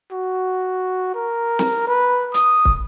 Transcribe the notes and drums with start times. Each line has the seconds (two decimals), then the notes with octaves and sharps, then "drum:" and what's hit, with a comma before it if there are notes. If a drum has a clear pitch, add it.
0.12 F#4
1.14 A#4
1.59 drum: snare
1.87 B4
2.34 D#6, drum: hi-hat
2.65 drum: kick